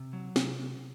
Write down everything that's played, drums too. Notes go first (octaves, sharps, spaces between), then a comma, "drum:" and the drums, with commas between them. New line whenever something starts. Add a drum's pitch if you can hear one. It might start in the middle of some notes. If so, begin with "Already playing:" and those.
Already playing: C3
F#3
C3, drum: snare